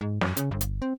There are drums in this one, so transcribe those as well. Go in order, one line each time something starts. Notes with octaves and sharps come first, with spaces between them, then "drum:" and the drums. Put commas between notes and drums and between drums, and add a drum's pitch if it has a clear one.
G#2
F#2, drum: snare
C#3, drum: hi-hat
G1
drum: hi-hat
C4